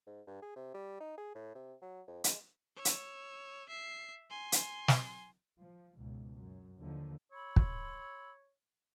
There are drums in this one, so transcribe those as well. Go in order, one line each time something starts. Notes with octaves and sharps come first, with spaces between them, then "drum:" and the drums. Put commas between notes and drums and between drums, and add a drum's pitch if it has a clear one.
G#2
G2
G#4
C3
G3
D#4
G#4
A2
C3
F#3
F2
G#3, drum: hi-hat
C#5 E6
drum: hi-hat
E5 C7
G#5 C6
drum: hi-hat
drum: snare
F3
C#2 G#2 B2
F#2
D#2 D3 D#3 F3
C#5 B5 C6 E6
drum: kick